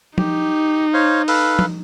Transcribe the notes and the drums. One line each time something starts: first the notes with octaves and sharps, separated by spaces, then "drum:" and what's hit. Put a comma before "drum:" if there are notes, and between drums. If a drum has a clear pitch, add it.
D#4 G4, drum: tom F3
C5 C#5 F5
A4 B4 F5, drum: open hi-hat
drum: tom F3